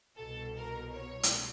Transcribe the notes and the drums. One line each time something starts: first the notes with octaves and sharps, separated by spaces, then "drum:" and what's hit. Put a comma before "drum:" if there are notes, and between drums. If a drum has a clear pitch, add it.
C2 B2 A4
A#4
C#5
drum: hi-hat